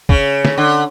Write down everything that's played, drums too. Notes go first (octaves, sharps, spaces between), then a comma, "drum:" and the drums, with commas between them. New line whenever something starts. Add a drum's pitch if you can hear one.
C#3, drum: kick F#1
drum: snare
D3